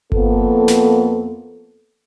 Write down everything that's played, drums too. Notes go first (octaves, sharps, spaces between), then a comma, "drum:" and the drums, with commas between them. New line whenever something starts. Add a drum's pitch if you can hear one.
F2 A#3 B3 A4, drum: kick G1
drum: snare